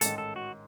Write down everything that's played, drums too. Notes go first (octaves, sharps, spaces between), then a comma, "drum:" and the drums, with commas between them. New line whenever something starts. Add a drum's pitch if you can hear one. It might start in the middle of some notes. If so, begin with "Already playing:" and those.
A1 G#2 D#3 G#3 A4, drum: hi-hat
A4
F#4